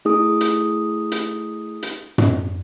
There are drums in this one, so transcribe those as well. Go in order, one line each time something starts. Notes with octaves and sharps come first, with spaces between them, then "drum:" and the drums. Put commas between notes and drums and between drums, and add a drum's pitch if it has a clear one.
A3 E4 G#4 D#6
drum: hi-hat
drum: hi-hat
drum: hi-hat
drum: tom